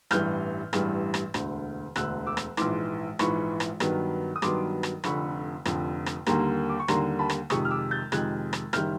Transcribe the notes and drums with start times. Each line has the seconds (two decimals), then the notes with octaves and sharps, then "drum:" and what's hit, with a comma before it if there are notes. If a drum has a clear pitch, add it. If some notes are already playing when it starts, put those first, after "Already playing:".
0.11 A1 G2 E3 G3 F6 G6, drum: rim click
0.73 A1 G2 E3 G3, drum: rim click
1.14 drum: rim click
1.34 E1 D2 D3, drum: rim click
1.96 E1 D2 D3 E6 F#6, drum: rim click
2.27 D6 E6
2.37 drum: rim click
2.57 A#1 G#2 E3 C6 D6, drum: rim click
3.19 A#1 G#2 E3 B5 C#6, drum: rim click
3.60 drum: rim click
3.80 G2 D#3 F#3 B3, drum: rim click
4.36 D#6
4.42 G2 D#3 F#3 B3 C6 D6, drum: rim click
4.83 drum: rim click
5.04 F1 F2 D3 B5 C#6, drum: rim click
5.65 F1 F2 D3, drum: rim click
6.06 drum: rim click
6.26 D#2 D3 G3 A#3 A#5 C6, drum: rim click
6.70 D6
6.80 C#6
6.88 D#2 D3 G3 A#3 A#5 C6, drum: rim click
7.19 A5 B5
7.29 drum: rim click
7.50 F2 C3 D#3 G#3 C#6 D#6, drum: rim click
7.65 F6
7.71 D6 E6
7.91 G6 A6
8.12 F2 C3 D#3 G#3 F#6 G#6, drum: rim click
8.53 drum: rim click
8.73 F#1 D#3 G3 F6 G6, drum: rim click